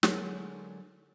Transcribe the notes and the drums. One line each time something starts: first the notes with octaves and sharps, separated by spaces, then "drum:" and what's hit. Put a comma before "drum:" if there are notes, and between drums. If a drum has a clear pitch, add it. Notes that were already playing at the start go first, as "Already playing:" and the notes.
D3 F#3 G#3 A#4, drum: snare